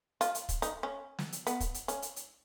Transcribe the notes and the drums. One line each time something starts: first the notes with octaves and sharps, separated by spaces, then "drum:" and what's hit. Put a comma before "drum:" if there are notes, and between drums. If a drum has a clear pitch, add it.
F4, drum: hi-hat
drum: hi-hat
drum: kick, hi-hat
D#4, drum: hi-hat
C#4
drum: snare
drum: hi-hat
B3, drum: hi-hat
drum: kick, hi-hat
drum: hi-hat
C#4, drum: hi-hat
drum: hi-hat
drum: hi-hat